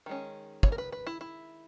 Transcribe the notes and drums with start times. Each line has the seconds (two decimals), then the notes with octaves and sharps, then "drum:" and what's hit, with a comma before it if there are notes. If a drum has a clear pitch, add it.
0.06 D#3 G#3 C#4
0.63 C#5, drum: kick
0.72 A#4
0.78 B4
0.92 B4
1.07 E4
1.21 E4